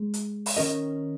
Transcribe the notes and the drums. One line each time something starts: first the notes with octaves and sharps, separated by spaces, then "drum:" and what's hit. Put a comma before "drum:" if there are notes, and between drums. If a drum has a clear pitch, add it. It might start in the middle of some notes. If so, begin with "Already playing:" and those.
Already playing: G#3
drum: hi-hat
drum: open hi-hat
D#3 C#4 A#4 D#5